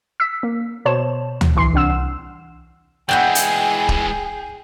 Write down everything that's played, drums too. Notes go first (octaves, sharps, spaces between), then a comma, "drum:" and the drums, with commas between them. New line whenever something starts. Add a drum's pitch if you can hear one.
E6 B6
A#3
B2 C5 C#5 A5 E7
drum: tom D2
B1 E3 C6 C7
C2 D4 F#5 E6 E7
E3 G#3 E4 F#4 G#4 D5 G5 G6
drum: hi-hat
drum: kick